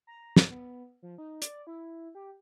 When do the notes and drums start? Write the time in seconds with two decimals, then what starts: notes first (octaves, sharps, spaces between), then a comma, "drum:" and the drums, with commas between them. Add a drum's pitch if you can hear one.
0.07 A#5
0.37 drum: snare
0.50 B3
1.03 F3
1.18 D#4
1.42 D5, drum: hi-hat
1.67 E4
2.15 G4